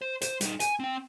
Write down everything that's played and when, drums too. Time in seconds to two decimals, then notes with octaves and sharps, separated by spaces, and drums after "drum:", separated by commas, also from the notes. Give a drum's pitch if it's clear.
0.02 C5
0.22 C5, drum: hi-hat
0.41 G3 D#4, drum: hi-hat
0.60 G#5, drum: hi-hat
0.80 C4 G5